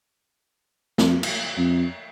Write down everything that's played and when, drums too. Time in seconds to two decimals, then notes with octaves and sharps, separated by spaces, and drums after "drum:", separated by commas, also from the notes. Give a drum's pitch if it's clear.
0.98 F2, drum: snare
1.23 drum: cymbal
1.58 F2